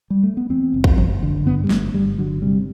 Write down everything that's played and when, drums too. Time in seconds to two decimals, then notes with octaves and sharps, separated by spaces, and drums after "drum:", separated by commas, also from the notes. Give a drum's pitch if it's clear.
0.10 G3
0.23 A3
0.37 B3
0.50 E2 C4
0.74 F#1
0.84 drum: kick A1
0.98 F#1, drum: tom E3
1.23 D3
1.46 G2 B3
1.64 G3
1.70 G1 A3, drum: snare
1.94 G1 G3
2.18 D3 F#3
2.42 C3 G3